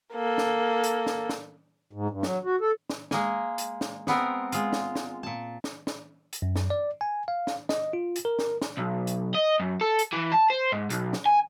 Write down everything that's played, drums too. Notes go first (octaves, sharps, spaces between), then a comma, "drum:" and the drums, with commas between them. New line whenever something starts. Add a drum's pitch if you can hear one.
A#3 A4
drum: snare
drum: hi-hat
drum: snare
drum: snare
G#2
G2
F#3, drum: snare
F#4
A4
drum: snare
G#3 A#3 G#5, drum: snare
drum: hi-hat
drum: snare
G#3 B3 C4 A#4, drum: snare
G#3 F4, drum: hi-hat
drum: snare
drum: snare
A#2 A5
drum: snare
drum: snare
drum: hi-hat
F#2
drum: snare
D5
G#5
F5
drum: snare
D#5, drum: snare
F4
drum: hi-hat
A#4
drum: snare
drum: snare
B1
drum: hi-hat
D#5
F#2
A4
drum: hi-hat
E3
A5
C5
G#2
B1, drum: hi-hat
drum: snare
G#5